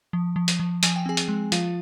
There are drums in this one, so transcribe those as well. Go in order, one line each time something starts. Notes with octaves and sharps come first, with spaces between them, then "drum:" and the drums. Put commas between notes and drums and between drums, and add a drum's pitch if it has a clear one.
F3
F3
drum: hi-hat
F3
F3 G#5, drum: hi-hat
G5
C4 G#4 G#5
drum: hi-hat
G#3
F3 F4 F5, drum: hi-hat